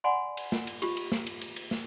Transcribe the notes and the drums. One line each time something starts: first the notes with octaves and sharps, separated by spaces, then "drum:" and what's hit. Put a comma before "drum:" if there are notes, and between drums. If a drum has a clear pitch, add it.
D5 F#5 G#5 B5 C6
drum: cymbal
drum: snare
drum: cymbal
F4 G4, drum: cymbal
drum: cymbal
drum: snare
drum: cymbal
drum: cymbal
drum: cymbal
drum: snare